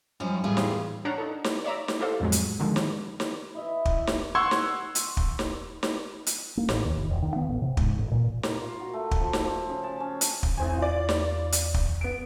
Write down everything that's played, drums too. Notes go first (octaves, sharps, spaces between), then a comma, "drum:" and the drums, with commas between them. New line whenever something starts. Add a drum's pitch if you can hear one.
F#2 F3 G3 C#4 D#4
E2 A2 G3 F4 G#4
drum: snare
D4 C#5 F5 F#5 A5 A#5
D#4 A4
drum: snare
C#5 D5 E5 A#5 D6
drum: snare
E4 G4 A4 C5 F5
A1 F2 F#3 G#3
drum: hi-hat
D3 D#3 F3 G#3
drum: snare
drum: snare
E4 D#5 E5
drum: kick
drum: snare
F#5 C6 C#6 E6 G#6
drum: snare
drum: hi-hat
drum: kick
drum: snare
drum: snare
drum: hi-hat
A#3
A1, drum: snare
D#2
F1
E1
D#3
B3
A1
C3
G#2, drum: kick
A1
A#2
A#4, drum: snare
F4
F#4
A3
drum: kick
F3
drum: snare
F3
C#3
A5
C#4
drum: hi-hat
drum: kick
A1 E2 C4 G#5
F4 D5
drum: snare
drum: hi-hat
drum: kick
B3 D7